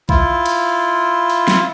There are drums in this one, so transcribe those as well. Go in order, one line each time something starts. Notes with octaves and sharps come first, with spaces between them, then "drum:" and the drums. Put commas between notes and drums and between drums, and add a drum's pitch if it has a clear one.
E4 F4, drum: kick B1
drum: cymbal
drum: open hi-hat
drum: snare